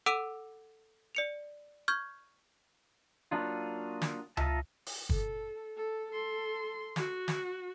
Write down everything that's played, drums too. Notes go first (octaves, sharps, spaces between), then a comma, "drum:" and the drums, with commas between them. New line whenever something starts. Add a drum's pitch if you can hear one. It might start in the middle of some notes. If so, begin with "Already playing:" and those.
A4 F#5 D6 E6 D7 D#7, drum: hi-hat
D5 C#7 F7
C#6 F6 G6 G#6
F#3 A#3 D4 D#4 F4
drum: snare
D#4 F4 D#5 E5 A5, drum: tom C#2
drum: open hi-hat
A4, drum: kick
A4
A4 C6
F#4, drum: snare
drum: snare